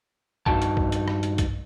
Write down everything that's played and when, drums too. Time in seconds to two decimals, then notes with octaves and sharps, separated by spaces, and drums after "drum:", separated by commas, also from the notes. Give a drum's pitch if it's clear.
0.46 G2 D#4 F#4 G5 A5, drum: kick B1
0.62 drum: hi-hat
0.77 drum: kick B1
0.92 drum: hi-hat
1.08 drum: rim click
1.23 drum: hi-hat
1.38 drum: kick B1, hi-hat